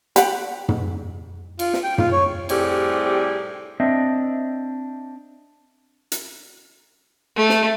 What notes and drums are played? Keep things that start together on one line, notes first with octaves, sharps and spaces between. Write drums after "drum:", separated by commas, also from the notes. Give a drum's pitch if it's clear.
G4 F#5, drum: hi-hat
drum: tom
F4, drum: cymbal
drum: snare
G5
F4, drum: tom
C#5
A2 C3 G3 G4 G#4, drum: cymbal
C4 D4 C5 D#5 E5
drum: hi-hat
A3
drum: snare